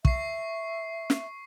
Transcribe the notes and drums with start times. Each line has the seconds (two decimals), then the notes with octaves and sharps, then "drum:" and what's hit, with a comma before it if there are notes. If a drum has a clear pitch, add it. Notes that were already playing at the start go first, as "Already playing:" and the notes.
0.05 E5 C#6 C7, drum: kick
1.10 drum: snare